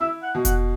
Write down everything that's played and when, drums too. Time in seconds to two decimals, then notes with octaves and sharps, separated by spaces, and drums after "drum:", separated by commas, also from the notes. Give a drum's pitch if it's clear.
0.01 E4 E5
0.23 F#5
0.35 B2
0.45 F#5, drum: kick F1, hi-hat